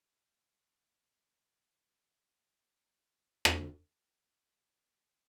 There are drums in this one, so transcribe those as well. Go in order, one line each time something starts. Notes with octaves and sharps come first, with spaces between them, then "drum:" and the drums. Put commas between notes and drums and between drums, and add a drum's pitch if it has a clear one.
A2 E3 D4 G#6
C3 G3 G4
A3 D4
drum: rim click
G5
F#3